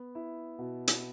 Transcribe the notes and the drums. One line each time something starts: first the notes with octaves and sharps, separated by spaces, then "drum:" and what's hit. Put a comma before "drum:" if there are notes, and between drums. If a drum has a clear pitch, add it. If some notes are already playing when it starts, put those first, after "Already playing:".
Already playing: B3
E4
B2
drum: hi-hat